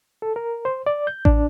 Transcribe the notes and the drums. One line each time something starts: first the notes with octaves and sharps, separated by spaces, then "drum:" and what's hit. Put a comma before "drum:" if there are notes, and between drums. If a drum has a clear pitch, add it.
A4
A#4
C5
D5
G6
D4, drum: kick A1